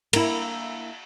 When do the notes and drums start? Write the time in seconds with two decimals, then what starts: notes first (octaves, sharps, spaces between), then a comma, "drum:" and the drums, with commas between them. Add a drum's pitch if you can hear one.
0.13 A#3 E4, drum: cymbal